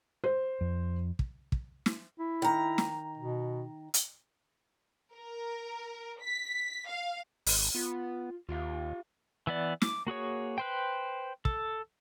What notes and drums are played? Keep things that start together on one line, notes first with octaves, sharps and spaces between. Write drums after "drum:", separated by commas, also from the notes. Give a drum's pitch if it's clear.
C5
F2
drum: kick
drum: kick
drum: snare
E4
D#3 A#5
drum: snare
B2
drum: hi-hat
A#4
B6
F5
G#1, drum: open hi-hat
B3 F4
D#2 F4 G4 F5
E3 B3 D5
D6, drum: snare
A#3 F#4 G#4 C#5
B4 C5 G5
A4, drum: kick